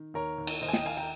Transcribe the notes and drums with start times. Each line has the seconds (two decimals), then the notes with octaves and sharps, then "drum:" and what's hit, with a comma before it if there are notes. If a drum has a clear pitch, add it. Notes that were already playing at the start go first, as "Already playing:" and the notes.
Already playing: D#3
0.14 D#2 A#4 C#5
0.38 D#2
0.47 drum: cymbal
0.62 D#2 C5 D#5
0.69 G#5
0.73 D#5 G5, drum: snare
0.85 D#2 F5 G#5
0.97 G5 A#5